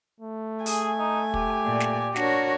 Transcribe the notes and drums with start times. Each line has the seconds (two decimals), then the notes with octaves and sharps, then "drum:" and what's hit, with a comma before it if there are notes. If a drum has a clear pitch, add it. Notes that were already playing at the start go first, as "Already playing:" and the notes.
0.20 A3
0.66 G#4 G#5, drum: open hi-hat
0.99 D#4
1.34 G4, drum: kick
1.65 A#2 D5
1.80 drum: snare
2.16 D4 F#4 A#4 C#5, drum: snare